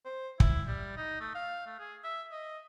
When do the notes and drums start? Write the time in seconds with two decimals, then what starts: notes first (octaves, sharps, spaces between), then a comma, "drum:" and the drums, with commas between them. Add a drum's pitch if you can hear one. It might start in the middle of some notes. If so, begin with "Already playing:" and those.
0.05 C5
0.40 E4, drum: kick
0.68 G3
0.97 D#4
1.20 A3
1.35 F5
1.66 A3
1.80 G#4
2.04 E5
2.32 D#5